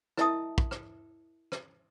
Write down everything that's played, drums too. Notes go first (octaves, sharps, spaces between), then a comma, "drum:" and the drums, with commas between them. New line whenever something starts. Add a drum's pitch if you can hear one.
E4 A#4 D#5 E5 A5 D#6, drum: rim click
drum: kick
drum: rim click
drum: rim click